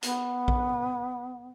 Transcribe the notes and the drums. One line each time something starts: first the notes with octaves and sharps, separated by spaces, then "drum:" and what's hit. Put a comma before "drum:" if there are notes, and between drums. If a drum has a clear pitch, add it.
B3, drum: hi-hat
drum: kick A#1